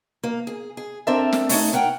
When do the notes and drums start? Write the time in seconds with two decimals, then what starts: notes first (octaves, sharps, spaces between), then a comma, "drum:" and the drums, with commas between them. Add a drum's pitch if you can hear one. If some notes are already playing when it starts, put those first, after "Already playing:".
0.24 A#3
0.47 G#4
0.77 G#4
1.07 C4 D4 A4 A#4 E5
1.32 drum: snare
1.49 A3 C#4 D#4, drum: open hi-hat
1.73 A#4 F#5 G5